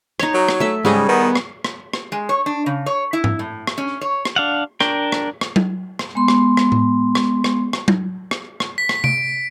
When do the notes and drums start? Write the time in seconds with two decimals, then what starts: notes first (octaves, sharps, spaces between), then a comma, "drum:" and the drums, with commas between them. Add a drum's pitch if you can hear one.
0.20 D#4 C#5, drum: rim click
0.34 F#3
0.49 drum: rim click
0.60 A3 E5
0.85 G#2 C#3 G3 G#4 D#5
1.09 D#3 B3
1.35 drum: rim click
1.64 drum: rim click
1.93 drum: rim click
2.12 G#3
2.29 C#5
2.46 D4
2.66 C#3
2.86 C#5
3.13 E4
3.24 drum: tom G#2
3.39 A2
3.67 drum: rim click
3.78 C#4
4.01 C#5
4.25 drum: rim click
4.36 D4 F5 F#5
4.80 D4 A#4 G5, drum: rim click
5.12 drum: rim click
5.41 drum: rim click
5.56 drum: tom F#3
5.99 drum: rim click
6.15 G#3 B3 C6
6.28 drum: rim click
6.57 drum: rim click
6.72 drum: tom A2
7.15 drum: rim click
7.44 drum: rim click
7.73 drum: rim click
7.88 drum: tom F#3
8.31 drum: rim click
8.60 drum: rim click
8.78 B6
8.89 drum: rim click
9.04 D7, drum: tom C3